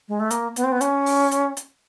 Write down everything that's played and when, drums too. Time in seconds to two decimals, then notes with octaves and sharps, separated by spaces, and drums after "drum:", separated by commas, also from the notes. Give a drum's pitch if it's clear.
0.08 G#3
0.20 A3
0.30 A#3, drum: hi-hat
0.56 B3, drum: hi-hat
0.64 C4
0.72 B3
0.81 C#4, drum: hi-hat
1.06 drum: open hi-hat
1.31 drum: hi-hat
1.57 drum: hi-hat